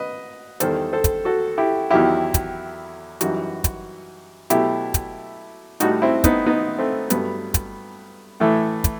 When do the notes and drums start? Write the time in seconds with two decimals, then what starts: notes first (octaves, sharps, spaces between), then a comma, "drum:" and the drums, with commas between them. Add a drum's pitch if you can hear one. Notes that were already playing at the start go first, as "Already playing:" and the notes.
Already playing: B4 D#5
0.60 E2 D#3 G3 A4 C5, drum: hi-hat
0.93 A4 C5
1.04 drum: kick, hi-hat
1.25 F#4 A4
1.58 E4 G4
1.90 E2 D#3 F#3 E4 G4
2.34 drum: kick, hi-hat
3.21 F#2 E3 G3 D#4 F#4, drum: hi-hat
3.64 drum: kick, hi-hat
4.50 B2 F#3 A3 E4 G4, drum: hi-hat
4.94 drum: kick, hi-hat
5.80 A2 G3 D#4 F#4, drum: hi-hat
6.02 C4 E4
6.24 B3 D#4, drum: kick, hi-hat
6.46 B3 D#4
6.79 A3 C4
7.10 G2 F#3 A3 B3, drum: hi-hat
7.54 drum: kick, hi-hat
8.40 A2 E3 A3
8.84 drum: kick, hi-hat